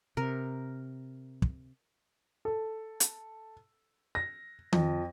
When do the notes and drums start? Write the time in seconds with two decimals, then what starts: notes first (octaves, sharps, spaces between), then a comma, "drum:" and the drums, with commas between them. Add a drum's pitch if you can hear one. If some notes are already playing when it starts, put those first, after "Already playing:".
0.17 C3 A#4
1.42 drum: kick
2.45 A4
3.00 drum: hi-hat
4.15 A#6
4.73 F2, drum: tom D#3